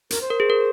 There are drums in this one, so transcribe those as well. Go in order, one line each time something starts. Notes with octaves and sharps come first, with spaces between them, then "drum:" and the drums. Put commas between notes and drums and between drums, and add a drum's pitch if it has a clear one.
A#4, drum: hi-hat
C5
A#4
G#4
A#4